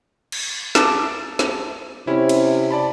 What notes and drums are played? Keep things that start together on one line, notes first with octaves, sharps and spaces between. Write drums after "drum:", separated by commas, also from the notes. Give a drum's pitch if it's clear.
drum: cymbal
A5 D6 E6, drum: snare
drum: snare
C3 C#4 E4
drum: cymbal
D5 A5 B5